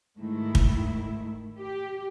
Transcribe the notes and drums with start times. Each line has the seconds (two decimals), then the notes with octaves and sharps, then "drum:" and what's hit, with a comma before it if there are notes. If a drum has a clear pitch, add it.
0.18 G#2 D#3 A3 E4
0.55 drum: kick
1.58 G4